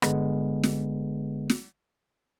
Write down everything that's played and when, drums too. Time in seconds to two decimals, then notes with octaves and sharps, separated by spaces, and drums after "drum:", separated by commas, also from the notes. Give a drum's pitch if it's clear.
0.02 G1 D3 G#3 B3, drum: rim click
0.63 drum: snare
1.50 drum: snare